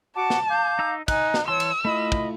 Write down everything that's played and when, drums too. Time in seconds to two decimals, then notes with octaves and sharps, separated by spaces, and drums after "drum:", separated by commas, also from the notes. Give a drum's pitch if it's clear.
0.16 F#4 F#5 A5 D6
0.30 drum: snare
0.48 F5 D6 G6
0.79 D#4 A#5 E6
1.08 D#4 G#5 F#6, drum: kick, cymbal
1.34 drum: snare
1.48 E3 C#5 A5 C6 E6
1.60 drum: cymbal
1.85 A3 E4 F4 D#5 B5
2.12 drum: kick